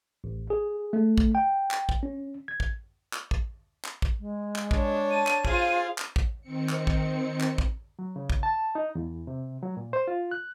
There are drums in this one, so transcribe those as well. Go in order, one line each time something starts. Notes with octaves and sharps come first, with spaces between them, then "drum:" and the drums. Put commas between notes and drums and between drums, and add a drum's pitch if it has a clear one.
A1
G#4
A3
drum: kick
G5
drum: clap
drum: kick
C#4
G#6
drum: kick
drum: clap
drum: kick
drum: clap
drum: kick
G#3
drum: clap
D4 C#5, drum: kick
A5 D#7
drum: clap
F4 G#4 C5 F5, drum: kick
drum: clap
drum: kick
D#3 C4 C#7
drum: clap
drum: kick
drum: clap
drum: kick
F#3
C#3
drum: kick
A5
D#4
E2
C3
F#3
A#2
C5
F4
F#6